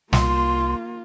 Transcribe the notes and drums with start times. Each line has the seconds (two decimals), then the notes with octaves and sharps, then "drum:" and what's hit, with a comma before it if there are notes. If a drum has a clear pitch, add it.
0.13 C2 A#3 F4 C6, drum: snare